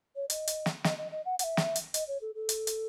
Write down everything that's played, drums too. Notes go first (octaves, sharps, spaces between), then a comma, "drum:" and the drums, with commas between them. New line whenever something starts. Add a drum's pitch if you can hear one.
C#5
D#5, drum: hi-hat
drum: hi-hat
drum: snare
D#5, drum: snare
D#5
D#5
F#5
F#5, drum: hi-hat
E5
drum: snare
drum: hi-hat
D#5, drum: hi-hat
C#5
A4
A4
drum: hi-hat
drum: hi-hat